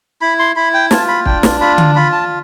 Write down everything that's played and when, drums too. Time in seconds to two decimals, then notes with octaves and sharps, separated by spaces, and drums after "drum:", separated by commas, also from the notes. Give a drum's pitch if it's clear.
0.21 E4 B5
0.39 C6
0.56 E4 B5
0.74 G5
0.91 F4 A5, drum: snare
1.08 B5
1.26 D4 G5, drum: kick
1.43 drum: snare
1.60 F4 B5
1.78 drum: tom D3
1.95 F4 B5
2.12 A5